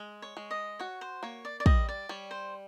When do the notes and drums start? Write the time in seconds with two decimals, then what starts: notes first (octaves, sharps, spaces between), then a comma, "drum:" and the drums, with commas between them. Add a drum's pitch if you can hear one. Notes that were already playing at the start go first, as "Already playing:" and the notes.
Already playing: G#3
0.22 C#5
0.37 G#3
0.51 D#5
0.79 F#4 C#5
1.01 C5
1.23 A#3 C#5
1.45 D5
1.60 D5
1.66 G3 D#5, drum: kick
1.89 D5
2.09 G3 C#5
2.31 C5